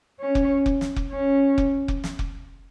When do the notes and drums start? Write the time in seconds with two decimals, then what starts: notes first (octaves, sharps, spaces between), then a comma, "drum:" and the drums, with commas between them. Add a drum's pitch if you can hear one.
0.20 C#4
0.35 drum: kick F1
0.66 drum: kick F1
0.81 drum: snare
0.96 drum: kick F1
1.11 C#4
1.58 drum: kick F1
1.88 drum: kick F1
2.04 drum: snare
2.19 drum: kick F1